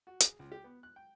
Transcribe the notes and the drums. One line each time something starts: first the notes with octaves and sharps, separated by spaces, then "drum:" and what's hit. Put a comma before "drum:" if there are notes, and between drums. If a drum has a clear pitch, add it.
F#4
G#4, drum: hi-hat
C#2
G4
B3
F#6
G5